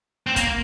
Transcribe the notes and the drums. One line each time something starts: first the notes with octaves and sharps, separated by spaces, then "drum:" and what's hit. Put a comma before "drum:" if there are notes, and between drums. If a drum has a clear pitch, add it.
C4
A#3, drum: kick, hi-hat